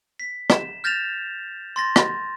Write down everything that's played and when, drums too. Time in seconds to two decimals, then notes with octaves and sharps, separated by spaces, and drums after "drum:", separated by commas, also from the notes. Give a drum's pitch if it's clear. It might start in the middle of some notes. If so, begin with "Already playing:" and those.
0.20 B6
0.50 E7, drum: rim click
0.84 F6 G6 A6 A#6 E7 F7
1.76 C6 A6 A#6
1.96 drum: rim click